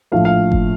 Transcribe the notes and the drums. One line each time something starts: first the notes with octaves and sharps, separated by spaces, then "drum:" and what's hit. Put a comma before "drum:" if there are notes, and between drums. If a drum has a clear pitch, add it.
A#1 A2 F3 A3 F5
F5
drum: kick G1